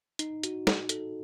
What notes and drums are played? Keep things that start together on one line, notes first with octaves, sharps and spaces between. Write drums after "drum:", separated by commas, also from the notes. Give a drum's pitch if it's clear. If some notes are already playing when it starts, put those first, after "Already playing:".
D#4, drum: hi-hat
F#4, drum: hi-hat
D#4, drum: snare
A4, drum: hi-hat